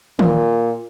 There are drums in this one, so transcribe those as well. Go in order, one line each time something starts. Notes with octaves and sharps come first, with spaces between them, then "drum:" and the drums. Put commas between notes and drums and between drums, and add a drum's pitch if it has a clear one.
A#2, drum: tom D#3